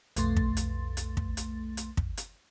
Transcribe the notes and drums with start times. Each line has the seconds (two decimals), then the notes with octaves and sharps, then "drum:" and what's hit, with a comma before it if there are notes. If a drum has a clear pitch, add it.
0.16 B1 F2 A3 C6 A6, drum: hi-hat
0.36 drum: kick
0.57 drum: hi-hat
0.97 drum: hi-hat
1.17 drum: kick
1.37 drum: hi-hat
1.77 drum: hi-hat
1.97 drum: kick
2.17 drum: hi-hat